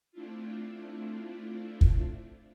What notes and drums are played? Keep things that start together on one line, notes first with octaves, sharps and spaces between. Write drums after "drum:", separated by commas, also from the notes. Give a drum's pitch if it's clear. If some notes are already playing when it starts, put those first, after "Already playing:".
A3 C4 D4 E4 F4
drum: kick